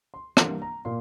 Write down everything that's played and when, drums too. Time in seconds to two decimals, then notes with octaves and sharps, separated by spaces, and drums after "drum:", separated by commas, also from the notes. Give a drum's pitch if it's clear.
0.14 C6
0.37 E3 G3 A#3 D4 C6, drum: rim click
0.62 A#5
0.85 A#2 A#3 C6